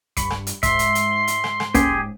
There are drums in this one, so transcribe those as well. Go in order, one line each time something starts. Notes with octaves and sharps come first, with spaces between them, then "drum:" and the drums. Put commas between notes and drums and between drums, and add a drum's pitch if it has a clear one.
G2 B5 C#6, drum: kick, hi-hat
drum: rim click
drum: hi-hat
G#2 E5 C6, drum: kick, hi-hat
drum: hi-hat
drum: hi-hat
drum: hi-hat
drum: rim click
drum: rim click
A#3 C#4 G4 G#4, drum: kick, hi-hat